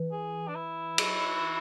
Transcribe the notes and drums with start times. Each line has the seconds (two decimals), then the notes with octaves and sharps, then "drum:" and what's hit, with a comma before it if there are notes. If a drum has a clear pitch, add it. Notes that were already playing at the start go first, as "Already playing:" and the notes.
Already playing: E3
0.11 G#4
0.48 D4
0.55 E4
0.98 F#3, drum: cymbal
1.41 E3